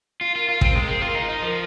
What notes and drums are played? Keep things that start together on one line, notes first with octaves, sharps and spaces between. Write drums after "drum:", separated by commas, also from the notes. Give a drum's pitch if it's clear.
F4 A#4
F4
F4
C4, drum: kick
G#3
C4
F4
D#4
D#4
F3